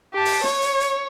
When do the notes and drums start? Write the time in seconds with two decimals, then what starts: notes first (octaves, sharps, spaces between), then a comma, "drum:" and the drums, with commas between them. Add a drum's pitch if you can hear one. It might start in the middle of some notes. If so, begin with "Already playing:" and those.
0.14 G4 A5
0.25 drum: open hi-hat
0.44 C#5, drum: snare
0.62 drum: hi-hat
0.80 drum: hi-hat